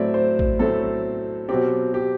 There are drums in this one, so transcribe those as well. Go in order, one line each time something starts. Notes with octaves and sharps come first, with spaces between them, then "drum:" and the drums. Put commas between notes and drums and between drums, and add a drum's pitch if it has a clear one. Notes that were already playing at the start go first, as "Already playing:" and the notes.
Already playing: A2 F#3 A3 C4 D5 E5
C5
drum: kick
A2 F#3 A3 C4 A4
B2 F#3 C4 G4
G4